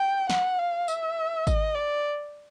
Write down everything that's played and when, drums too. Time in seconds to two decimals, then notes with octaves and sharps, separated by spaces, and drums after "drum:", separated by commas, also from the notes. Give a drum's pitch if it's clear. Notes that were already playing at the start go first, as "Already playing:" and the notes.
Already playing: G5
0.30 F#5, drum: snare
0.59 F5
0.88 E5, drum: tambourine
1.47 D#5, drum: kick G#1, tambourine
1.75 D5